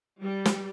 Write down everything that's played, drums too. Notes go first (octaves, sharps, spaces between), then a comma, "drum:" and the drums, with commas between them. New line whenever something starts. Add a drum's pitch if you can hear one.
G3
drum: snare